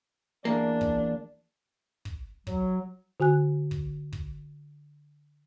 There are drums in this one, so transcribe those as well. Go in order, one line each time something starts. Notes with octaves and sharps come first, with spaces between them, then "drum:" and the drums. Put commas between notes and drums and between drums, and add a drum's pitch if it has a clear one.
E2 A#3 D4
drum: kick
drum: kick
F#3, drum: kick
D3 F#4 G#5 F#6
drum: kick
drum: kick